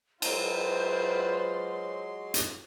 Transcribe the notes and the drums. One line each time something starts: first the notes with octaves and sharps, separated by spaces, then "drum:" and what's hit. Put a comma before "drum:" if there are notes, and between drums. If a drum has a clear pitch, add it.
F#3 G#3 F4 B4 C5 C6, drum: cymbal
drum: hi-hat